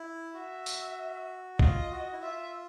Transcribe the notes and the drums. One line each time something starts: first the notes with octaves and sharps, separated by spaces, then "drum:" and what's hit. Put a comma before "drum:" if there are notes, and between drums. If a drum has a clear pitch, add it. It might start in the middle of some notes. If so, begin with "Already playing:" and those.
Already playing: E4
F#4 E5
drum: tambourine
F4 D#5, drum: kick A#1
F#4
E4
F4 E5